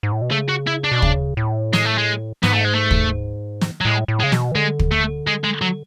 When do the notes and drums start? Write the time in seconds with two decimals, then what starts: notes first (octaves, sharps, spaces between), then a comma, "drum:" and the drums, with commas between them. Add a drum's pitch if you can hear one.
0.03 G#2
0.12 A2
0.22 B2
0.31 C#3 A3
0.48 F#4
0.67 E4
0.84 D4
0.92 B2
1.02 C#3, drum: kick
1.37 A2
1.73 G#3, drum: snare
1.85 A3
1.98 G#3
2.43 G#2 B3, drum: snare
2.54 A3
2.64 G#3
2.75 A3
2.91 drum: kick
3.61 drum: snare
3.81 F#3
3.85 A2 G#3
4.08 A2
4.20 C#3 G#3
4.32 B2, drum: snare
4.52 E3
4.55 D3 G#3
4.79 drum: kick
4.92 A3
5.27 G#3
5.44 G#3
5.62 F#3